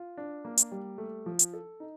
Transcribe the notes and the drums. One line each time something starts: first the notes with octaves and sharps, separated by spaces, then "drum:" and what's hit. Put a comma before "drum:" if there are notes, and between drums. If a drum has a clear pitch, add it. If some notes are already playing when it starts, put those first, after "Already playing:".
Already playing: F4
D4
A#3
drum: hi-hat
G3
A3
F3
drum: hi-hat
A4
D#4